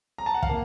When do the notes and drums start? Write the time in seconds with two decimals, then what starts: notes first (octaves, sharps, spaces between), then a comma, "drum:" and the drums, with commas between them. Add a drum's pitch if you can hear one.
0.18 A#5
0.26 A5
0.34 F#5
0.42 F5, drum: kick
0.49 A#3